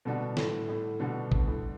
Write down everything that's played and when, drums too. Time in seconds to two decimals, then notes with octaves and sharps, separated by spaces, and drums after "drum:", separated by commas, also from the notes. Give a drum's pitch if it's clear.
0.05 B2 D3 G3 D4 F#4
0.37 A2, drum: snare
0.69 A2
1.00 B2 D3 G3 D4 F#4
1.32 drum: kick A1
1.47 A2